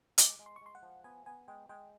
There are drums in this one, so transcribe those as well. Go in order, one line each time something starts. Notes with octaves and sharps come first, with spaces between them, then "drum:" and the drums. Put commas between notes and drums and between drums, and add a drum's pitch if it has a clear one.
G#3 D6, drum: hi-hat
G#3
C6
C#6
G#3 C6
F#5
F3
B3 G#5
B3 G#5
G#3 G5
G#3 G5